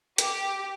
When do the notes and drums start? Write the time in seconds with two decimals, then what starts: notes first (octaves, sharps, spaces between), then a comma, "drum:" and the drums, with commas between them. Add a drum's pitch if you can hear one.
0.18 G4, drum: hi-hat